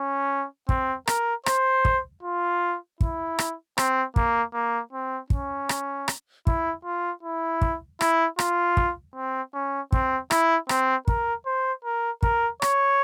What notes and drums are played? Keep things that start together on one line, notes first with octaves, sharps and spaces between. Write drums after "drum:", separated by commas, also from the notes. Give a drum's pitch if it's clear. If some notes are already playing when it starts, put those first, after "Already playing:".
Already playing: C#4
C4, drum: kick
A#4, drum: rim click
C5, drum: rim click
drum: kick
F4
E4, drum: kick
drum: rim click
C4, drum: rim click
A#3, drum: kick
A#3
C4
C#4, drum: kick
drum: rim click
drum: rim click
E4, drum: kick
F4
E4
drum: kick
E4, drum: rim click
F4, drum: rim click
drum: kick
C4
C#4
C4, drum: kick
E4, drum: rim click
C4, drum: rim click
A#4, drum: kick
C5
A#4
A#4, drum: kick
C#5, drum: rim click